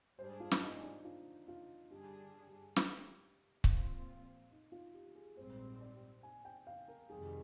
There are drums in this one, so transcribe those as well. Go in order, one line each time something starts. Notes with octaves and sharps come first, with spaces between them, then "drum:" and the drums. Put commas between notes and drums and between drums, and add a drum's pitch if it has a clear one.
G#2 G3 D4 G#4 C5
F4
drum: snare
D#4
D4
F4
F4
G2 D3 G3 D4 G4 G#4
drum: snare
A#2 F3 C4 F4, drum: kick C#1
D#4
F4
G4
G#4
A#1 G#2 G3 C4 C5
D5
G#5
G5
F5
A#4
F2 C3 D#3 G3 G#4